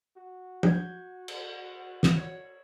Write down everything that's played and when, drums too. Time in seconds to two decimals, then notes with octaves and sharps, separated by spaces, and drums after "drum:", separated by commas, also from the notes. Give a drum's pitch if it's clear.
0.17 F#4
0.63 G6 G#6, drum: tom
1.28 drum: cymbal
2.03 drum: snare
2.17 C#5